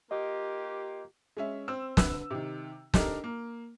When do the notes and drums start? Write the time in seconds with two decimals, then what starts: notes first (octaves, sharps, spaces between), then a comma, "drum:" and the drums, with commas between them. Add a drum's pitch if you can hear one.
0.11 A#3 F4 G4 D#5
1.37 G#3 C#4 E5
1.68 C4 E6
1.97 D3 B4 E6, drum: snare
2.30 C3 D#3
2.94 D4 D#4 G4 A4 A#4, drum: snare
3.24 A#3